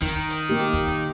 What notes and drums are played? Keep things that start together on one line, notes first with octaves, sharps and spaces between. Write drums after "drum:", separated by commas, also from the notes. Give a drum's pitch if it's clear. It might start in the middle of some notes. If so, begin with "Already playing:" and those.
D#3, drum: kick, hi-hat
drum: hi-hat
A#3 D#4 G4
drum: hi-hat
drum: kick
drum: hi-hat